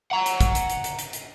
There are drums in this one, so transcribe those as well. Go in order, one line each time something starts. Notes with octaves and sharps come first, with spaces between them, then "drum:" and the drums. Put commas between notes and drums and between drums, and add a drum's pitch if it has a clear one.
F#5 A#5
drum: hi-hat
drum: kick, hi-hat
drum: hi-hat
drum: hi-hat
drum: hi-hat
drum: hi-hat
drum: hi-hat